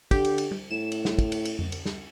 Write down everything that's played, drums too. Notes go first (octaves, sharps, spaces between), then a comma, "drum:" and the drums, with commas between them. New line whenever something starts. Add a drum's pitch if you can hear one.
D3 G4, drum: kick, cymbal
drum: cymbal
drum: cymbal
drum: tom G3
A2 E7
drum: cymbal
drum: snare
drum: kick, cymbal
drum: cymbal
drum: cymbal
drum: tom F2
drum: cymbal
drum: snare